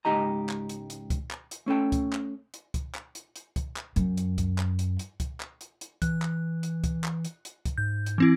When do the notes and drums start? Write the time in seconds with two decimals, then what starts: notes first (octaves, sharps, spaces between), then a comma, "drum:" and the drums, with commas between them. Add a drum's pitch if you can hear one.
0.05 C#2 G#2 D#4 G4 D#5 A#5
0.49 drum: clap
0.69 drum: hi-hat
0.90 drum: hi-hat
1.10 drum: kick C#2, hi-hat
1.31 drum: clap
1.51 drum: hi-hat
1.66 A3 C#4 A4 G5
1.92 drum: kick C#2, hi-hat
2.13 drum: clap
2.54 drum: hi-hat
2.74 drum: kick C#2, hi-hat
2.95 drum: clap
3.15 drum: hi-hat
3.36 drum: hi-hat
3.56 drum: kick C#2, hi-hat
3.77 drum: clap
3.96 F#2, drum: hi-hat
4.17 drum: hi-hat
4.38 drum: kick C#2, hi-hat
4.58 drum: clap
4.79 drum: hi-hat
4.99 drum: hi-hat
5.20 drum: kick C#2, hi-hat
5.40 drum: clap
5.61 drum: hi-hat
5.81 drum: hi-hat
6.02 E3 F#6, drum: kick C#2, hi-hat
6.22 drum: clap
6.63 drum: hi-hat
6.84 drum: kick C#2, hi-hat
7.04 drum: clap
7.25 drum: hi-hat
7.45 drum: hi-hat
7.65 drum: kick C#2, hi-hat
7.78 G#2 G6
8.06 drum: hi-hat
8.18 E3 C4 E4